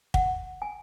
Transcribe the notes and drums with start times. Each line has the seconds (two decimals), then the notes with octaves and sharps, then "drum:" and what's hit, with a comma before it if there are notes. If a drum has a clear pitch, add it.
0.14 F#5, drum: kick
0.62 G#5